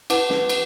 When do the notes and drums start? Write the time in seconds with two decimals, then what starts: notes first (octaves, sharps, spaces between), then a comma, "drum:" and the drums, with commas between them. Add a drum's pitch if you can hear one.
0.10 E4 B4 F#5 A5 D6, drum: cymbal
0.30 drum: snare
0.49 drum: cymbal